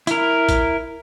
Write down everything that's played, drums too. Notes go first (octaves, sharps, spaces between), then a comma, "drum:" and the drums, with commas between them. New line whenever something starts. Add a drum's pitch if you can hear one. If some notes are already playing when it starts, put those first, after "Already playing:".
E4 A#4, drum: hi-hat
drum: kick, hi-hat